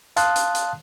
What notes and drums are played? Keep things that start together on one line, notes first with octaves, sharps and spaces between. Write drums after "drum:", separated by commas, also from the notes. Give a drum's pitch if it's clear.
F5 A5 C6 D#6 F#6, drum: hi-hat
drum: hi-hat
drum: hi-hat